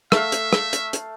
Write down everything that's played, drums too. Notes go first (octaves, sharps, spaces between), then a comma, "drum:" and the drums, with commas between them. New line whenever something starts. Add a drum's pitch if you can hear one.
A3 E5 F5, drum: rim click
drum: hi-hat
drum: rim click
drum: hi-hat
drum: hi-hat